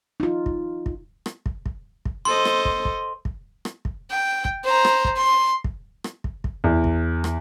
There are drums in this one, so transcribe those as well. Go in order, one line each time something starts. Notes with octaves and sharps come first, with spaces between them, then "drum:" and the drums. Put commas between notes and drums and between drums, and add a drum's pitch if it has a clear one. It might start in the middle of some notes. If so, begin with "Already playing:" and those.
D#4 F4
drum: kick
drum: kick
drum: rim click
drum: kick
drum: kick
drum: kick
A4 C5 D#5 C6
drum: rim click
drum: kick
drum: kick
drum: kick
drum: rim click
drum: kick
G5
drum: kick
C5 A#5
drum: rim click
drum: kick
C6
drum: kick
drum: rim click
drum: kick
drum: kick
E2
drum: kick
drum: rim click